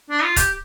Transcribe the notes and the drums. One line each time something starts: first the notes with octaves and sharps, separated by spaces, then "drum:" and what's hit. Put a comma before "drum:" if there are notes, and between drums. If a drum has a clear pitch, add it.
D4
F4
G4, drum: kick, hi-hat